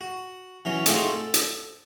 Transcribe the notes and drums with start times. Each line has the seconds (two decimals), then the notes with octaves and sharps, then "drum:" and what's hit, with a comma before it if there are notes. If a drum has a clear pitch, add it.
0.01 F#4
0.65 E3 F#3 C#4
0.86 G#3 A3 C4 D#4 F4 F#4, drum: hi-hat
1.09 A4
1.34 drum: hi-hat